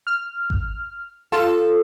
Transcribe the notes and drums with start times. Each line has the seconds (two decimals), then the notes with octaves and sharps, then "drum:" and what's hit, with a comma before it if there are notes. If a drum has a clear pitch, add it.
0.07 F6
0.50 drum: kick G#1
1.32 F4 A4